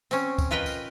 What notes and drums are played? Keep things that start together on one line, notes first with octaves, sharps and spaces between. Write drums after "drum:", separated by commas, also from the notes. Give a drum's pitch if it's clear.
C4 C#4, drum: tambourine
drum: kick, tambourine
F4 A#4 B4 D#5 G5
drum: tambourine